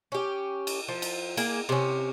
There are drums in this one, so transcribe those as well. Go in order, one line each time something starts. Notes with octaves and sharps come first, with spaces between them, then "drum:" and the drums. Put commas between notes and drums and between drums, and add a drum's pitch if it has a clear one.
C#4 G4
drum: cymbal
F3
drum: cymbal
A#3 G#4, drum: cymbal
C3 C#4